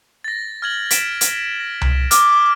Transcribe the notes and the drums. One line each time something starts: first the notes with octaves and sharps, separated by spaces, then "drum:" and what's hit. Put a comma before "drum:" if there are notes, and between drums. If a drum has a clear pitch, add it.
A6 A#6
F6 G#6 F#7
B6 D7 E7, drum: hi-hat
drum: hi-hat
A#6
drum: tom C2
D6 F6, drum: hi-hat